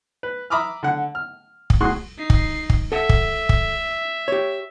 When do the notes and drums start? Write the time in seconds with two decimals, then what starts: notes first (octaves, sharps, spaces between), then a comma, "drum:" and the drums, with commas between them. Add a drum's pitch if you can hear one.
0.23 B4
0.50 E5 A#5 B5 D6 D#6 F6
0.83 D3 F#5
1.15 F6
1.70 drum: kick
1.81 A2 F#4 G#4 C6 C#6 F#6
2.18 D#4 C7
2.30 drum: kick
2.70 drum: kick
2.92 A4 E5 F#5
3.09 drum: kick
3.49 drum: kick
4.28 G4 C#5